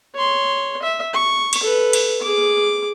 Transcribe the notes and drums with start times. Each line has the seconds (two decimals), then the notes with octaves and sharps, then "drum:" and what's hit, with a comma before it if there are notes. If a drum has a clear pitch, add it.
0.15 C#5 C6
0.82 E5
1.13 C#6
1.53 drum: cymbal
1.63 A4 B4
1.93 drum: cymbal
2.22 G#4 D6